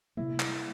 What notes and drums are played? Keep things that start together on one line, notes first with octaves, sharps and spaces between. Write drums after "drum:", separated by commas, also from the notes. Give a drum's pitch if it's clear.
C3 G3 A#3 E4
drum: clap